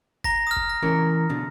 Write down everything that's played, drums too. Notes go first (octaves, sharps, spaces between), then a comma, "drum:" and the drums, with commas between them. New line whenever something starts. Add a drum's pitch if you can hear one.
A#5 A#6, drum: kick G1
D#6 F6
drum: kick G1
A#6
E3 C#4 A#4
B2 D3